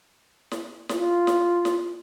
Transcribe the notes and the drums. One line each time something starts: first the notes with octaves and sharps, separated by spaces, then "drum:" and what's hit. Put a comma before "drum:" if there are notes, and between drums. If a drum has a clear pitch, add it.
drum: snare
F4, drum: snare
drum: snare
drum: snare